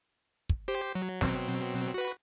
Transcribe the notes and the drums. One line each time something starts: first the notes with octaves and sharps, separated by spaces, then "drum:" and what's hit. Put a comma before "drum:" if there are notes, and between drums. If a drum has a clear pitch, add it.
drum: kick
G4 C5
F#3
B2 F#3 C4, drum: snare
F#4 B4